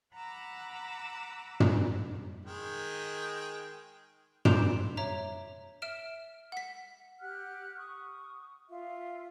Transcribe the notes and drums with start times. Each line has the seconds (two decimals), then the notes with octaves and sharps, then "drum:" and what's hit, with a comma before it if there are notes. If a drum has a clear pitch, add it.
0.14 F#5 A#5 B5 D6 E6
1.60 drum: tom
2.46 D#3 G#3 G5
4.45 C6 D6 G6 D7 E7 F7, drum: tom
4.97 C#5 E5 A#5
5.82 E5 F6 D7 E7
6.52 F#5 B6
7.20 G4 F#5 F6 F#6
7.76 C#6 D#6
8.68 F4 E5